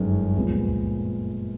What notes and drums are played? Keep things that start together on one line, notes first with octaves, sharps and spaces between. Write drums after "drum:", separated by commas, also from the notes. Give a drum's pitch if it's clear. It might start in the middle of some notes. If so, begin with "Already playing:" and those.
Already playing: G1 F#2 D#3 G#3 C#4
A#2 F3 G#3 B3, drum: kick C#2
drum: kick C#2